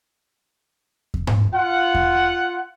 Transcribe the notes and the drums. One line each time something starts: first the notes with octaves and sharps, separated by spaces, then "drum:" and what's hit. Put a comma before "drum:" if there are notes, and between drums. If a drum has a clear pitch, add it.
drum: kick E2
drum: tom G#2
F4 F#5
drum: kick E2